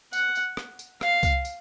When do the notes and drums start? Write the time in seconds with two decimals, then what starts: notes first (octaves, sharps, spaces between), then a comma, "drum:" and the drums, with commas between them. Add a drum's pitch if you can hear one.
0.13 F#5, drum: tambourine
0.35 drum: tambourine
0.57 drum: rim click
0.79 drum: tambourine
1.01 F5, drum: rim click
1.23 drum: kick C2, tambourine
1.45 drum: tambourine